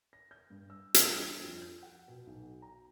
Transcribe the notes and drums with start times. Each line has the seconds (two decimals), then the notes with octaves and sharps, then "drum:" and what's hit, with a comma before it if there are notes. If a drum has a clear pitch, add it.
0.13 A#6
0.31 G6
0.50 G2
0.70 E6
0.94 G3, drum: hi-hat
1.15 D4
1.43 F2
1.62 G6
1.83 F#5
2.08 B2
2.27 B1
2.62 A#5